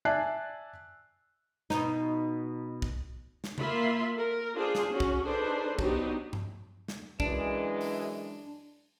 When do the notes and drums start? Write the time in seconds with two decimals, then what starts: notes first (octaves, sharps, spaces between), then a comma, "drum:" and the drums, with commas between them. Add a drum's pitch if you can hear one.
0.05 D5 E5 G#5 A5 F#6 C7
1.70 B2 D#4, drum: snare
2.82 drum: kick
3.44 drum: snare
3.58 A#3 F4 E5 B5 C6, drum: tom C3
4.16 A#4
4.56 D4 F4 G#4 C5
4.75 drum: snare
4.91 C#4 F#4
5.00 drum: kick
5.26 D4 D#4 G#4 A4 B4 C5
5.79 F#3 B3 C4 D4 D#4 G4, drum: kick
6.33 drum: tom G2
6.88 drum: snare
7.20 F#2 E3 G#3 D4, drum: kick
7.81 drum: open hi-hat